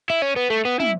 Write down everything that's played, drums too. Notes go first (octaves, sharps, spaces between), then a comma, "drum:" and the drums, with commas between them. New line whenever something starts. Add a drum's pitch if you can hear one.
E4
C#4
B3
A3
B3
E4, drum: tom